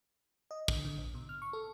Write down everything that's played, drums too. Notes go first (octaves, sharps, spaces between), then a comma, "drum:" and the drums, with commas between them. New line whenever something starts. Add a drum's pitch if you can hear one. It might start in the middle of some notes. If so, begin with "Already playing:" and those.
D#5
D3, drum: kick
D3
A#1
B2
F6
C#6
A4